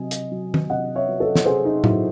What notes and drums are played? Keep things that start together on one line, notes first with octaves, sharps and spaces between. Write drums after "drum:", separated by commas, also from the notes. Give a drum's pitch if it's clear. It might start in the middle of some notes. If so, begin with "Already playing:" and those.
Already playing: C3 F#3 D#5 G#5
drum: hi-hat
F#3
drum: tom D#3
C3 D#5 F#5
C#5 E5
F#3
A4 C#5
drum: snare
C3 G#4 C5
D#4
F#3 E4, drum: tom A2